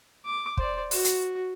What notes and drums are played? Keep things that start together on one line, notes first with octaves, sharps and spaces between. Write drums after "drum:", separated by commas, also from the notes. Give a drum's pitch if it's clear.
D6
C5 D5, drum: kick
F#4, drum: open hi-hat
drum: hi-hat